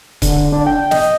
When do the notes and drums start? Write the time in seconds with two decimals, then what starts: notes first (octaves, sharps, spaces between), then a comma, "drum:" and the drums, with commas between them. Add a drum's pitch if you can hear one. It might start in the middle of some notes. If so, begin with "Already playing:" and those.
0.22 D3, drum: kick C#1, hi-hat
0.52 D4
0.66 G5
0.91 D#5, drum: snare